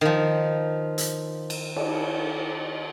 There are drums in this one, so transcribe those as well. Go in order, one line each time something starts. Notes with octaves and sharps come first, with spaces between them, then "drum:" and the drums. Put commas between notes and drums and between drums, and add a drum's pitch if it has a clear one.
D#3 F3
drum: hi-hat
drum: cymbal
drum: cymbal